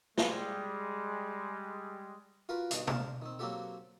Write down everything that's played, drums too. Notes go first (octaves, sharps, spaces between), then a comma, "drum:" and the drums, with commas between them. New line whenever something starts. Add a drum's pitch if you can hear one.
G3 G#3, drum: snare
F4 F#4 A#4 B4
G2 B2 D#3, drum: hi-hat
A#4 C5 F5 A5, drum: tom B2
D#3 C4
F#3 A#3 C4 F#4 G4 A4